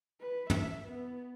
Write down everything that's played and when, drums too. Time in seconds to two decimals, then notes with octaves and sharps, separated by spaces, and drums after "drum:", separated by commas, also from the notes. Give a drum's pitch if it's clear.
0.20 B4
0.50 E5, drum: tom
0.85 B3